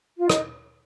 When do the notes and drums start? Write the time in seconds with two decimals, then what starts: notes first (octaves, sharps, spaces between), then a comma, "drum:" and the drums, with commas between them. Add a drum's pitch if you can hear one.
0.18 F4
0.30 D#4, drum: rim click